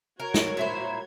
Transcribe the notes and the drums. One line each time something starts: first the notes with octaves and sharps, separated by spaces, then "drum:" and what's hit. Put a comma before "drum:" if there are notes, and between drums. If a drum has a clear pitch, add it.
F#4 A#4 C#5 G#6
drum: snare
A#2 E4 C5